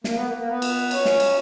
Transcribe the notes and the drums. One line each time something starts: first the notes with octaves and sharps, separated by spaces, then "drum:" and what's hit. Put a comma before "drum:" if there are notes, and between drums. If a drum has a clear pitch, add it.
A#3, drum: snare
B3
A#3
A#3
B3
drum: cymbal
C#4, drum: cymbal
drum: snare
drum: cymbal